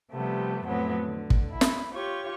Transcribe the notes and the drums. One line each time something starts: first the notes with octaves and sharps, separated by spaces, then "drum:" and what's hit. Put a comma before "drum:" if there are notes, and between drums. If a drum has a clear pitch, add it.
C3 F3 G3 A3 B3
F2 A2 F#3 B3 C4
D3
drum: kick
E4
drum: snare
F4 G4 C#5 C#6